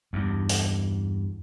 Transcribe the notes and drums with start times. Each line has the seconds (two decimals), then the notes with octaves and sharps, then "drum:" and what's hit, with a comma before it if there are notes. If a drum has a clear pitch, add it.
0.13 E2 G2
0.49 drum: open hi-hat